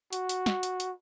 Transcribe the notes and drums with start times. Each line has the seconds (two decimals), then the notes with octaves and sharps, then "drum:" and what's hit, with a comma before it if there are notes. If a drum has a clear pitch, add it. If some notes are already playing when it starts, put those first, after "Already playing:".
0.13 F#4, drum: hi-hat
0.29 drum: hi-hat
0.46 drum: snare
0.63 drum: hi-hat
0.80 drum: hi-hat